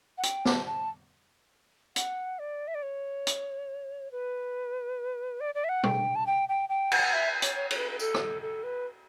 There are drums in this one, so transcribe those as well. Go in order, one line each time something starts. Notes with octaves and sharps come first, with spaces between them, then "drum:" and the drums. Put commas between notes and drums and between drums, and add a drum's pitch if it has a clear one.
F#5
G5, drum: hi-hat
A5, drum: snare
A5
F#5, drum: hi-hat
D5
E5
D5
C#5
drum: hi-hat
B4
D5
D5
E5
F#5
G5, drum: tom
A5
G5
G5
G5
F#5, drum: cymbal
E5
C#5, drum: hi-hat
C#5
C#5, drum: cymbal
B4
B4
A4, drum: tambourine
drum: rim click
A4
B4